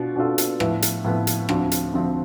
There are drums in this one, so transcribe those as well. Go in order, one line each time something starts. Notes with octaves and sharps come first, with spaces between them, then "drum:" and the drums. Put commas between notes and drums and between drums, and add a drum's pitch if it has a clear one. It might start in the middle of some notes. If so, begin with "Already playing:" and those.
Already playing: B2 B3 D4 F4
B2 B3 D4 F4 A4
drum: hi-hat
A2 F3 B3 E4 B4, drum: rim click
drum: hi-hat
A2 F3 B3 E4 B4
drum: hi-hat
D2 D3 F3 C4, drum: rim click
drum: hi-hat
D2 D3 F3 C4